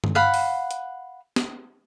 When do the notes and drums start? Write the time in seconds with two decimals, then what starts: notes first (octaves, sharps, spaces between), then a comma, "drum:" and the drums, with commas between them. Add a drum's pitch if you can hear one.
0.04 drum: tom G2
0.15 F5 F#5 B5
0.34 drum: open hi-hat
0.71 drum: hi-hat
1.36 drum: snare